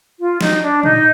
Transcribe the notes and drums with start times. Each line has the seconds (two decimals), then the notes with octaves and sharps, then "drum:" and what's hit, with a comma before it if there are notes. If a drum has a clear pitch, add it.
0.20 F4
0.41 D#4, drum: snare
0.62 D4
0.83 D#4, drum: tom